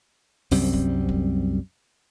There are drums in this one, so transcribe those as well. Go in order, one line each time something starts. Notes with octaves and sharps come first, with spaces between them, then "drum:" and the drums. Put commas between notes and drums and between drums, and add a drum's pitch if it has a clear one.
C2 F#2 G3 C4, drum: open hi-hat
drum: kick
drum: kick